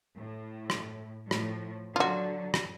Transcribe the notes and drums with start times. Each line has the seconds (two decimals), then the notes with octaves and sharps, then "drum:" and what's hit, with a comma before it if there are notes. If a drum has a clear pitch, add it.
0.15 A2
0.70 drum: rim click
1.31 A2 F3, drum: rim click
1.96 D3 F#3 F4 F#4
2.54 drum: rim click